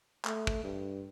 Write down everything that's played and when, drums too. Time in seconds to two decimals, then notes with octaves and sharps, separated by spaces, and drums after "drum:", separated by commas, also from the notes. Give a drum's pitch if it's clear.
0.25 A3, drum: clap
0.47 drum: kick
0.64 G2